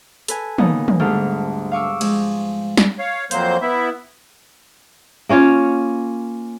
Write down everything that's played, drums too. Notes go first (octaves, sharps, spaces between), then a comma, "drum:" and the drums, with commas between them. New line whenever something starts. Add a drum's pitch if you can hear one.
A4 B4 G#5, drum: hi-hat
A#2 C#3 B3 D#4, drum: tom
drum: tom
D2 G#2 G3 A4 F6
F5 C#6 D6 E6
F3 G#3, drum: cymbal
drum: snare
C#5 F5
F2 F#3 A#3 C5 G6, drum: hi-hat
B3 E4 E5
A#3 C#4 F4 C#5